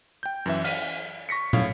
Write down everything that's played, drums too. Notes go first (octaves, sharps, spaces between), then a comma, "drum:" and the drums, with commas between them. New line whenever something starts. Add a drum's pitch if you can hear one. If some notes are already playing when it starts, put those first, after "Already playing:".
G5 G6
F#2 E3 E5
F6 B6 D#7, drum: cymbal
C#6 A#6 B6 C#7
A2 C#5 F5, drum: tom